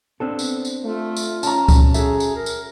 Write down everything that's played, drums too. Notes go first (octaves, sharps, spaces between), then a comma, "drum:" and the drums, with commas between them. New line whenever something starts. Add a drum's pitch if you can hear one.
B3 C4 D4 A4
drum: tambourine
drum: tambourine
A3 F4
drum: tambourine
C#4 A5 A#5, drum: tambourine
drum: kick C#2, tambourine
F#4 G#4 A4 E5, drum: tambourine
drum: tambourine
A#4
drum: tambourine